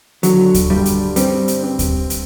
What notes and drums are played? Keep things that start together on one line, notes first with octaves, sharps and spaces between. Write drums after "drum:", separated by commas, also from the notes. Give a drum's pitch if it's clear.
D3 F#3, drum: hi-hat
drum: kick D2, hi-hat
G2 G3
drum: hi-hat
G3 C4, drum: hi-hat
drum: hi-hat
C4
drum: kick D2, hi-hat
drum: hi-hat